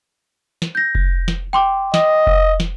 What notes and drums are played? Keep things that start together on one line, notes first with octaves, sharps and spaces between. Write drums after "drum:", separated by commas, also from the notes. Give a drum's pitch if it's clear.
drum: snare
G6 A#6
drum: kick F1
drum: snare
G5 C6 D6
D#5, drum: snare
drum: kick F1
drum: snare